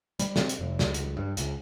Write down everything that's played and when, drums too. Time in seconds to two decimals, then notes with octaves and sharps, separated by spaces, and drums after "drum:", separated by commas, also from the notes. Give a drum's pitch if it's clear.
0.19 G3, drum: hi-hat
0.36 C4, drum: snare
0.49 drum: hi-hat
0.59 F1
0.79 C#2, drum: snare
0.94 drum: hi-hat
1.17 G2
1.37 C#2, drum: hi-hat